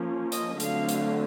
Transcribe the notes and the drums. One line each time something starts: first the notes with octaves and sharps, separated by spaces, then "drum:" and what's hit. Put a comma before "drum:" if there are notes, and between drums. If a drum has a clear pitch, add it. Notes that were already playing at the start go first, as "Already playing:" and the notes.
Already playing: F3 A#3 C#4
D#5, drum: hi-hat
D3 F#3 A3 C4 F5, drum: hi-hat
drum: hi-hat